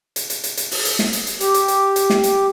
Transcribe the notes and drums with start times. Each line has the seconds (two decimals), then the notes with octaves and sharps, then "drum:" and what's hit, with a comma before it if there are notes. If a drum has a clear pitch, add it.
0.16 drum: hi-hat
0.30 drum: hi-hat
0.44 drum: hi-hat
0.57 drum: hi-hat
0.71 drum: open hi-hat
0.85 drum: hi-hat
0.99 drum: snare
1.13 drum: hi-hat
1.27 drum: hi-hat
1.40 G4, drum: hi-hat
1.54 drum: hi-hat
1.68 drum: hi-hat
1.96 drum: hi-hat
2.10 drum: snare
2.24 drum: hi-hat